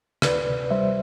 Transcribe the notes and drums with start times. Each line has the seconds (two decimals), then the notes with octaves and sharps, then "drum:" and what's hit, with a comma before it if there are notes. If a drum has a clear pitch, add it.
0.22 D2 B4 D5, drum: rim click
0.47 C3
0.71 G3 C5 E5